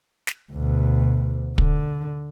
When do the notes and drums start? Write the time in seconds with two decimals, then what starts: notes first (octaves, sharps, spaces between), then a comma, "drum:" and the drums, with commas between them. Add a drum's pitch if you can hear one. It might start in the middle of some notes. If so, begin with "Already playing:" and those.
0.27 drum: snare
0.53 D2 B2
1.58 D3, drum: kick